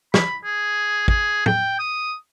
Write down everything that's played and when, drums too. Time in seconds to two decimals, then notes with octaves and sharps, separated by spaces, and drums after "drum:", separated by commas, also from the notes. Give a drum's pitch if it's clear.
0.14 B5, drum: snare
0.44 G#4
1.08 G#4, drum: kick
1.46 G5, drum: tom
1.79 D#6